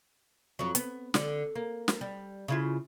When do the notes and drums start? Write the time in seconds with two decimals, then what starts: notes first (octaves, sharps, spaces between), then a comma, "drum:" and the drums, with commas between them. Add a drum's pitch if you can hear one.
0.59 F2 F#3
0.75 B3, drum: hi-hat
1.14 D3, drum: snare
1.56 A#3
1.88 drum: snare
2.01 G3
2.48 C#3 E4 F4